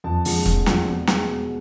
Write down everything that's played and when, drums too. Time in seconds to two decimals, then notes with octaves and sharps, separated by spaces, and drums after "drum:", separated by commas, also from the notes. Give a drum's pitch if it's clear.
0.04 F2 A5
0.25 D3 F3 G#3, drum: open hi-hat
0.46 F2, drum: kick E1
0.66 D3 F3 G#3, drum: snare
0.87 B2
1.07 G#3, drum: snare
1.28 B2